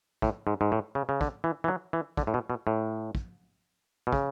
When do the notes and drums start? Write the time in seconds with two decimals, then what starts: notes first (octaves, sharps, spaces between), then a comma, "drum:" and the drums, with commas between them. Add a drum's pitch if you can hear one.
0.22 A2, drum: kick
0.47 G#2
0.61 G#2
0.72 A2
0.95 C#3
1.09 C#3
1.21 D3, drum: kick
1.44 E3
1.64 E3
1.68 F#3
1.93 E3
2.17 D3, drum: kick
2.27 A2
2.34 B2
2.50 B2
2.67 A2
3.15 drum: kick
4.07 B2
4.13 C#3, drum: kick